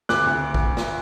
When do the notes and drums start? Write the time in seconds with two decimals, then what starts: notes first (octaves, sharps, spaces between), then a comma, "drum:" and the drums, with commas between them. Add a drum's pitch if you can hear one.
0.09 D2 D6 F#6, drum: snare
0.27 D2
0.54 drum: kick
0.77 drum: snare